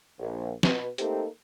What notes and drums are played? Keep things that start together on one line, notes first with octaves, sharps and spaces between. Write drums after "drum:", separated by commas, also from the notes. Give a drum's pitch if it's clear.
A#1
B2 B4, drum: snare
A3 A#3 C4 D#4 G4 A4, drum: hi-hat